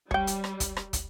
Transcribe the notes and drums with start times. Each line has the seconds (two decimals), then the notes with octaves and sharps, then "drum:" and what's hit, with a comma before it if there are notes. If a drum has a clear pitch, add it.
0.11 G3 C#5 G5, drum: kick
0.27 drum: hi-hat
0.44 drum: rim click
0.60 drum: kick, hi-hat
0.77 drum: rim click
0.93 drum: kick, hi-hat